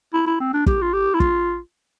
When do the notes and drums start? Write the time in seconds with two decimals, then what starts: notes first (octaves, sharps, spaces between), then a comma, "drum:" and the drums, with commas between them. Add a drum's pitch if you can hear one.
0.13 E4
0.27 E4
0.40 C4
0.53 D4
0.66 G4, drum: kick
0.82 F4
0.93 G4
1.14 E4
1.20 F4, drum: kick